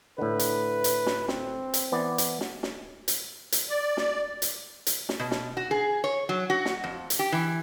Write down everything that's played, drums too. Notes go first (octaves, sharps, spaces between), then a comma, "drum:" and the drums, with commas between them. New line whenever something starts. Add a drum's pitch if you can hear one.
A2 D3 B4
drum: hi-hat
drum: hi-hat
drum: snare
C4, drum: snare
drum: hi-hat
E3 B3 D5
drum: hi-hat
drum: snare
drum: snare
drum: hi-hat
drum: hi-hat
D5
drum: snare
drum: hi-hat
drum: hi-hat
drum: snare
B2
drum: snare
F#4
G#4
C#5
F#3
F#4
drum: snare
F2
drum: hi-hat
G4
E3